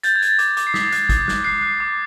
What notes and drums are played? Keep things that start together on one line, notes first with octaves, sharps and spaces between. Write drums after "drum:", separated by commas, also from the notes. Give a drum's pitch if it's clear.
G6 A6, drum: hi-hat
G#6
G6, drum: hi-hat
A6
D6, drum: hi-hat
D6, drum: hi-hat
C7
D#6 B6, drum: snare
F#6, drum: hi-hat
D#6, drum: kick, hi-hat
F#6, drum: snare
F#6 C7
F#6
D6